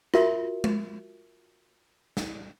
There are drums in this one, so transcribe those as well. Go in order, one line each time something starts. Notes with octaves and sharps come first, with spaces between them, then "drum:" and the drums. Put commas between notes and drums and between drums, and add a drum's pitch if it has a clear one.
F4 F#4 A#4 E5, drum: rim click
drum: tom G#3
drum: snare